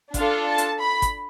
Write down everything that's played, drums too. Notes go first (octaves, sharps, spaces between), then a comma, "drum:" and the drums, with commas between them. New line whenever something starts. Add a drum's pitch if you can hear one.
D4 F4 A4 F5, drum: kick, hi-hat
A5
drum: hi-hat
B5
drum: kick, hi-hat